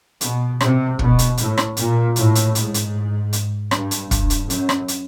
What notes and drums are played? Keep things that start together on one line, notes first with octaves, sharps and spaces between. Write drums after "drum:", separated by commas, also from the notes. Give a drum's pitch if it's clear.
B2, drum: hi-hat
C3, drum: rim click
B2, drum: kick
drum: hi-hat
A2, drum: hi-hat
drum: rim click
A#2, drum: hi-hat
A2, drum: hi-hat
drum: hi-hat
G#2, drum: hi-hat
drum: hi-hat
drum: hi-hat
G2, drum: rim click
drum: hi-hat
G2, drum: kick, hi-hat
drum: hi-hat
F#2, drum: hi-hat
drum: rim click
drum: hi-hat